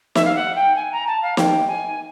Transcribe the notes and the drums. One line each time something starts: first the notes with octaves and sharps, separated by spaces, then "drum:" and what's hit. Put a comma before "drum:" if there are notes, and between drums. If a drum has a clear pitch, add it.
E5, drum: snare
F5
F#5
G5
G#5
A#5
A5
F5
G5, drum: snare
G#5